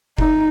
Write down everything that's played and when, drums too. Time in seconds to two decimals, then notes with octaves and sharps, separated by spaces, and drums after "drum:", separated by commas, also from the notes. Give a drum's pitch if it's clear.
0.18 D#4, drum: kick F1